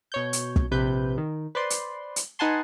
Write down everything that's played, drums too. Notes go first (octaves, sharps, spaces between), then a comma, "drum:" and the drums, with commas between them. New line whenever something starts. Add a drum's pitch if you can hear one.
B2 C#5 G6
drum: hi-hat
drum: kick
A#1 C3 B4 G6
D#3
B4 C5 D5 C6
drum: hi-hat
drum: hi-hat
D#4 B4 F#5 G#5 A5 C6